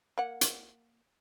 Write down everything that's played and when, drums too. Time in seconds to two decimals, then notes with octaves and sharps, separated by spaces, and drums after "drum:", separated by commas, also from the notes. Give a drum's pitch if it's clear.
0.18 A#3 F#5
0.41 drum: hi-hat